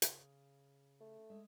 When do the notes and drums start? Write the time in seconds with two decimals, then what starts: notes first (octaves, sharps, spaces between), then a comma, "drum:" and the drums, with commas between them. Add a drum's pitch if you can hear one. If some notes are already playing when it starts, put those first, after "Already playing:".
0.02 C#3, drum: hi-hat
1.01 A3
1.30 G#3 E5